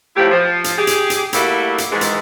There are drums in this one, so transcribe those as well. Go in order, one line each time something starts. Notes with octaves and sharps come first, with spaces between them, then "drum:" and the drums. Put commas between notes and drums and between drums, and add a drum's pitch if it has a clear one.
A2 F3 F#3 E4 G4
F3
drum: hi-hat
G4 G#4
drum: hi-hat
drum: hi-hat
G3 A3 A#3 E4 F#4, drum: hi-hat
drum: hi-hat
G#2 D#3 E3 G#3
drum: hi-hat